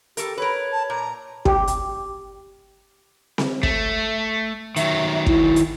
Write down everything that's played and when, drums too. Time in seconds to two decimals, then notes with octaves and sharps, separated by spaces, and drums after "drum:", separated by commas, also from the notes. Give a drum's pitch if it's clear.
0.17 G4 A4 A#4, drum: hi-hat
0.38 A#4 B4 C#5
0.73 A5
0.90 A#2 A#5
1.45 G4, drum: kick
1.68 drum: hi-hat
3.38 drum: snare C4
3.63 A3, drum: kick
4.76 D#3 F#3 E5, drum: hi-hat
5.26 E4, drum: kick
5.56 drum: hi-hat